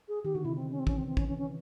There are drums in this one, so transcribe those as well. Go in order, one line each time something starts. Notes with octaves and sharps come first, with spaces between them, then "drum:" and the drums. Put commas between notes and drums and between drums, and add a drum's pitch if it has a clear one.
G#4
D#3 G4
D3 F#4
C3 E4
C4
C#4
C4
E3 C#4, drum: kick
C4
C4
E3 C#4, drum: kick
C#4
C#4